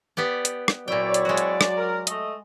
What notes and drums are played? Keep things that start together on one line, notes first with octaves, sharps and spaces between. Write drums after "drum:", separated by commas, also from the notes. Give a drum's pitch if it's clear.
B3 G4 D5
drum: hi-hat
drum: rim click
A#2 F#3 C4 E4 C#5 D5 G5
drum: hi-hat
G#3 F#4
drum: hi-hat
drum: rim click
A#4
A3 D#5, drum: hi-hat